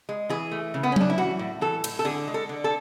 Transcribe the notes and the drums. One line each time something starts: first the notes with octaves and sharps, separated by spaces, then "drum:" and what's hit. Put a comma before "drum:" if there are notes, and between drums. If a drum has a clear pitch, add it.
G#3
E3 G#4
A3
C#3
B3
C#4
C#3 D4, drum: tom F#3
E4
E3 F#4
A2
E3 A4
A2, drum: cymbal
A4
D3 G#4
G#3
A4
D3
A4